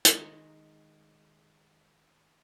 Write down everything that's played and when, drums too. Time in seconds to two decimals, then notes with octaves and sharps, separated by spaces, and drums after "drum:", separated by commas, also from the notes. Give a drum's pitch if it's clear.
0.05 D#3 G#3 A#5, drum: hi-hat